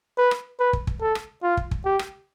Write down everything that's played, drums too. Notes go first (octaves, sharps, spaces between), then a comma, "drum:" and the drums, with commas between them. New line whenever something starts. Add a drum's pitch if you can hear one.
B4
drum: rim click
B4
drum: kick
drum: kick
A4
drum: rim click
F4
drum: kick
drum: kick
G4
drum: rim click